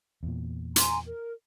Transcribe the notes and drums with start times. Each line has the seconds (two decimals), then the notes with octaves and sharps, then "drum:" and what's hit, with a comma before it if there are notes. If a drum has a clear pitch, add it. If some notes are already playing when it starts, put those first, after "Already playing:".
0.23 E2 A#2
0.76 G#5 A#5 C6, drum: hi-hat
1.06 A#4